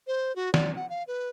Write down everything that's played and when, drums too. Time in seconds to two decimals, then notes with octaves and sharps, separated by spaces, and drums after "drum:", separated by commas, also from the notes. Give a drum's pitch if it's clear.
0.07 C5
0.36 F#4
0.54 D5, drum: snare
0.76 F#5
0.89 F5
1.07 B4